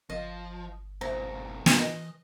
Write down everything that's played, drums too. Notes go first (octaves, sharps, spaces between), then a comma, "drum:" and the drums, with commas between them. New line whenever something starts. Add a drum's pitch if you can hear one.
G1 F3 D#5
G#2 B2 C5 E5 A#5
drum: snare
E3 D#5